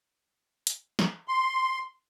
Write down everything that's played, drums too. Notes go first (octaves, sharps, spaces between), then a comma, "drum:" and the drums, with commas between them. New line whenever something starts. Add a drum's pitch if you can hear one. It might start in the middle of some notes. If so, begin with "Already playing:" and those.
drum: hi-hat
drum: snare
C6